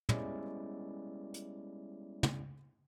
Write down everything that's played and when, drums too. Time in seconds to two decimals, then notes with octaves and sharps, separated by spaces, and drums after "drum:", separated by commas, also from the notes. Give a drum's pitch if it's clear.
0.09 G3 G#3 B3 C#4 E4 D5, drum: tom
1.34 drum: hi-hat
2.23 drum: tom